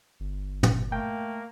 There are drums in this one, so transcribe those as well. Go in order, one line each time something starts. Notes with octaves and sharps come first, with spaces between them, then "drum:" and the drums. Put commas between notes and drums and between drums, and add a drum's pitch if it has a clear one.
G1
drum: tom
A3 A#3 G5